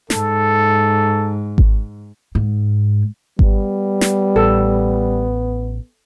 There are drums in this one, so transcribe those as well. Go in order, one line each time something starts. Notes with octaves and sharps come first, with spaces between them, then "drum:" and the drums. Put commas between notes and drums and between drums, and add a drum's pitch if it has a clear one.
G#2 A4, drum: snare
drum: kick G#1
G#2
G3 B3, drum: kick G#1
drum: snare
A1 A4